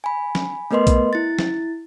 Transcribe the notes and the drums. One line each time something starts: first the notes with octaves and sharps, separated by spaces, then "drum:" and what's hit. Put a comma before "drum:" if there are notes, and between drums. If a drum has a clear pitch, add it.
G#5 B5
drum: snare
A3 B3 A#4 B4 D#5 C6
drum: kick B1, hi-hat
E4 A6
drum: snare